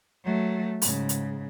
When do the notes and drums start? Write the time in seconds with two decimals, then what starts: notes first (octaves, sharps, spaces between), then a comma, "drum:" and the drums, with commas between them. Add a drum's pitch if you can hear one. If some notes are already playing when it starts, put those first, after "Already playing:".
0.24 F#3 A3
0.82 G#2 C#3, drum: open hi-hat
1.09 drum: hi-hat